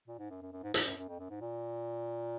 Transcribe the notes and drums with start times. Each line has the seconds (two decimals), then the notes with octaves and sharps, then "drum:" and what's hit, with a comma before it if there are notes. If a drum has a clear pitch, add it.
0.08 A#2
0.19 G#2
0.31 F#2
0.42 F#2
0.53 F#2
0.63 G#2
0.74 G#2, drum: hi-hat
0.85 F#2
0.97 F#2
1.09 F2
1.19 F#2
1.30 G#2
1.41 A#2